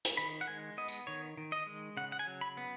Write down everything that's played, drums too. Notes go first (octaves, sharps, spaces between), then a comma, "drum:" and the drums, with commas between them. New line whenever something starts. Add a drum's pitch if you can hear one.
drum: hi-hat
D#3 B5
F#5
G#3 G#5
B3 D#5
drum: tambourine
D#3 C#5
D#3
D#5
G#3
C#3 F#5
F#5
G#5
F#3
B5
B3